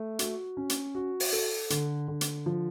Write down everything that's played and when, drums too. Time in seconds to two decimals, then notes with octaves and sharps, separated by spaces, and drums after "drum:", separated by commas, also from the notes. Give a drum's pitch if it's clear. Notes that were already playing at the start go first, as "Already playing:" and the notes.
Already playing: A3
0.19 F#4, drum: hi-hat
0.57 C#4
0.70 drum: hi-hat
0.95 F#4
1.20 drum: open hi-hat
1.33 A4
1.70 D3, drum: hi-hat
2.08 D3
2.21 drum: hi-hat
2.46 F3